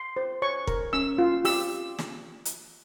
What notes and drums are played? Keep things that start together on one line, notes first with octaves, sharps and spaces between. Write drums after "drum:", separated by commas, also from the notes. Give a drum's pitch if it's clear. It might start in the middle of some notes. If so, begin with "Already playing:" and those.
Already playing: C6
C5
C#5 C#6
A#4, drum: kick
C#4 E6
F4
G4 E6, drum: open hi-hat
drum: snare
drum: hi-hat